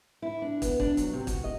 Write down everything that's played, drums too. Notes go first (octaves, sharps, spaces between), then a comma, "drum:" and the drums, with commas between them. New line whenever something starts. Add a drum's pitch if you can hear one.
E4
D4
B3, drum: kick, hi-hat
D4, drum: kick
F#3, drum: hi-hat
C3
F#4, drum: kick, hi-hat
D#5